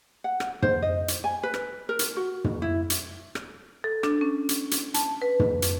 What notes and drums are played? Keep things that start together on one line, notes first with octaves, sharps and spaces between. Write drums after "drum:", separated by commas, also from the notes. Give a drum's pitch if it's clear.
F#5
drum: rim click
C5, drum: tom
D#5
drum: hi-hat
G#5
B4
drum: rim click
A#4
drum: hi-hat
F#4
drum: tom
E4
drum: hi-hat
drum: rim click
A4
D4, drum: rim click
C#4
drum: hi-hat
drum: hi-hat
A5, drum: hi-hat
B4
drum: tom
drum: hi-hat